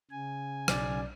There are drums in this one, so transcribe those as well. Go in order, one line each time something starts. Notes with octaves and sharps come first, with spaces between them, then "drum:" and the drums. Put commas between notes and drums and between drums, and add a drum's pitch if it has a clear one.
C#3 G#5
B1 D5, drum: rim click